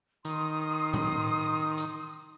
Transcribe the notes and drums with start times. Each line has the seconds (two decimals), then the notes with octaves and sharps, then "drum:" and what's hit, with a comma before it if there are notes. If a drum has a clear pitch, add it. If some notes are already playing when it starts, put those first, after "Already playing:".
0.25 D#3 C6 D#6, drum: hi-hat
0.94 drum: tom A2
1.78 drum: hi-hat